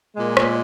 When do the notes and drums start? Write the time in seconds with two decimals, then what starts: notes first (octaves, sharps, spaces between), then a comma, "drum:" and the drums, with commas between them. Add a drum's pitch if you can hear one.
0.15 A#2 G#3
0.37 drum: rim click